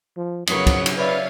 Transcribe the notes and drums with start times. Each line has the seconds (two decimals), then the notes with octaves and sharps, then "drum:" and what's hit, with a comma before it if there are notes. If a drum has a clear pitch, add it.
0.17 F3
0.47 F2 C#3 F#3 B3 A#4 C#5 F#5 D#6, drum: cymbal
0.67 drum: kick, cymbal
0.86 drum: cymbal
0.97 B4 C#5 D5 E5 F5